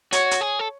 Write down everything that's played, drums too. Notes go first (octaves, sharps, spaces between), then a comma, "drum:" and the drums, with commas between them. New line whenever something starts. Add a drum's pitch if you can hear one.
F#4 C#5, drum: hi-hat
drum: hi-hat
G#4
A4